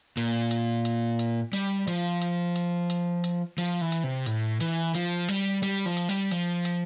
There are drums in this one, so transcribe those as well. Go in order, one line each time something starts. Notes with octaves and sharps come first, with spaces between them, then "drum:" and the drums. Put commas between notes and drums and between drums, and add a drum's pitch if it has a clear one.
A#2, drum: hi-hat
drum: hi-hat
drum: hi-hat
drum: hi-hat
G3, drum: hi-hat
F3, drum: hi-hat
drum: hi-hat
drum: hi-hat
drum: hi-hat
drum: hi-hat
F3, drum: hi-hat
E3
drum: hi-hat
C3
A2, drum: hi-hat
E3, drum: hi-hat
F3, drum: hi-hat
G3, drum: hi-hat
G3, drum: hi-hat
F3
drum: hi-hat
G3
F3, drum: hi-hat
drum: hi-hat